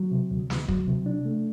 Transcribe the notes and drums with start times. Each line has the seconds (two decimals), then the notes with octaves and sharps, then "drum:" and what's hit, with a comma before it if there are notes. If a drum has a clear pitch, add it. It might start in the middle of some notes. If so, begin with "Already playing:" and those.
Already playing: F#3
0.11 C3
0.31 D2
0.50 D2, drum: snare
0.68 F#3, drum: kick
0.88 C3
1.06 D4
1.25 A3